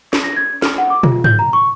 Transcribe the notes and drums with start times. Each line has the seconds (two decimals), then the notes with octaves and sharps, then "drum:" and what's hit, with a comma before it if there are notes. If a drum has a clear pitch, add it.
0.13 drum: snare
0.24 A#6
0.36 G#6
0.62 F6, drum: snare
0.78 F#5
0.90 D6
1.03 F4, drum: tom
1.24 G6, drum: tom G#2
1.39 A#5
1.53 C#6